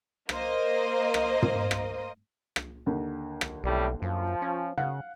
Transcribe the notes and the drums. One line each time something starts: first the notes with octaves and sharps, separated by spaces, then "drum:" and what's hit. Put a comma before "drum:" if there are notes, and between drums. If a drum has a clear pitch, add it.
A#3 C5 D#5, drum: rim click
drum: rim click
drum: tom
drum: rim click
drum: rim click
D#2 D3
drum: rim click
B1 A2 C3 G3
F#2 F3
C#4
C#3 F5 F#5 F#6